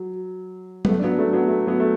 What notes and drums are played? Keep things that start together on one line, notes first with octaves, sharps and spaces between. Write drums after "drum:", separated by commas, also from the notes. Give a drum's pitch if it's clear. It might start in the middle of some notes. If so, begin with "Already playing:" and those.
Already playing: F#3
B3, drum: tom F#3
A3
D4
F#3 B3
A3 D4
F#3 B3
A3
F#3 B3
A3